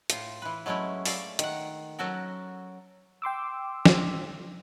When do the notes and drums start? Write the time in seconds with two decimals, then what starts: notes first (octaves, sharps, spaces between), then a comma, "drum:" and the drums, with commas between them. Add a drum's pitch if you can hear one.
0.10 A2 F4, drum: hi-hat
0.42 E3 B4
0.66 F#3 G#3 A3 C#4 E4
1.06 D5 E5 F5, drum: open hi-hat
1.39 D#3 F#5, drum: hi-hat
1.99 F#3 C#4 F#4 A4 A#4
3.22 G5 C6 D6 E6
3.86 drum: snare